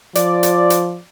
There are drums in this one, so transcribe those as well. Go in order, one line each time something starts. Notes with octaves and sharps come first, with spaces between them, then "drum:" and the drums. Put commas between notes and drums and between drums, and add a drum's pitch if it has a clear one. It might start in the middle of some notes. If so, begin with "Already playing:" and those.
F3 D5, drum: hi-hat
drum: hi-hat
drum: hi-hat